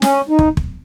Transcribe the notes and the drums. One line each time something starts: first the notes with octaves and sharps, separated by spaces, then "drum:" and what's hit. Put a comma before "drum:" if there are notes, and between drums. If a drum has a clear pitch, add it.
C#4, drum: snare
D#4
drum: kick
drum: kick